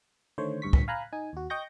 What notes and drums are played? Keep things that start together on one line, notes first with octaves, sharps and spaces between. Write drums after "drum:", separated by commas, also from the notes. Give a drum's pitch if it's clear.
D3 D#3 A3 C5 C#5
D2 G2 C#6 B6
drum: kick
F5 G#5 A#5 B5 F#6
D#4 G#5
D#2 F#4
D#5 G5 C#6 G6 A#6